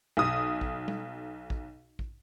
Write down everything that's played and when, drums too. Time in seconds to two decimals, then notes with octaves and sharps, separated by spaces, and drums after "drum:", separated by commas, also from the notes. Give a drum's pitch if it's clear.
0.17 B1 D#6
0.61 drum: kick
0.88 drum: tom
1.50 drum: kick
1.99 drum: kick